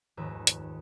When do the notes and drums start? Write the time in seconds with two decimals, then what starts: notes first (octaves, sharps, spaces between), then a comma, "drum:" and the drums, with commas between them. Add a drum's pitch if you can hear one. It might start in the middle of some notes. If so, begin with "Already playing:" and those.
0.17 F1 D#2 G#2 B4 A#5 E6
0.47 drum: hi-hat